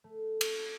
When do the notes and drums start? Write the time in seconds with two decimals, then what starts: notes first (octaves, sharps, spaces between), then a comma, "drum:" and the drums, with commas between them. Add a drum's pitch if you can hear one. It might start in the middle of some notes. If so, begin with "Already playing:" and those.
0.04 A3
0.41 drum: cymbal